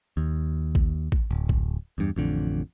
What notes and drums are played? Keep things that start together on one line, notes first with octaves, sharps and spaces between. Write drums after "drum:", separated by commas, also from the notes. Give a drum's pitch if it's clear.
D#2
drum: kick A1
drum: kick A1
D1
drum: kick A1
E2 G2
A1 F2 D3